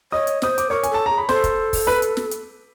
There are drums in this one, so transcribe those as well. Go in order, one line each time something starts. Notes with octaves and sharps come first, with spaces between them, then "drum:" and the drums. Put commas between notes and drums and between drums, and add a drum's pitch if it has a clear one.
C#5 D#5 D#6
drum: hi-hat
C5 D#6, drum: snare
D6, drum: hi-hat
A#4 C#5 C#6
G#5, drum: hi-hat
A4 A5
G#4 A#5
B5
A4 C5 C6, drum: snare
drum: kick, hi-hat
drum: kick, open hi-hat
B4 B5
drum: hi-hat
drum: snare
drum: hi-hat